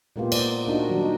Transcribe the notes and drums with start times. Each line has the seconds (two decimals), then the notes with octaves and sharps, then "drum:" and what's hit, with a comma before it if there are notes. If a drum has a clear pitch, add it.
0.16 A#2 G#3 A#3 B3 F4 G4
0.32 A#3 C5 D5, drum: cymbal
0.66 A#3 D4 D#4 F#4
0.88 D#3 F#3 G3 D4
1.01 D#4